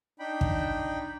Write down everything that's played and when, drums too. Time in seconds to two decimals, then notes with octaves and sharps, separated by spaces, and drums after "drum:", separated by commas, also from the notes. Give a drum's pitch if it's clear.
0.19 D4 D#4 G5 B5
0.41 drum: kick